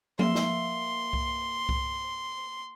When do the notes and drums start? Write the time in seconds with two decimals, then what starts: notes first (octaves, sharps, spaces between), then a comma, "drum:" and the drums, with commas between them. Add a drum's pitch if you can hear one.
0.19 A#3 E5 C6, drum: tom F3
0.35 drum: snare
1.13 drum: kick C2
1.69 drum: kick C2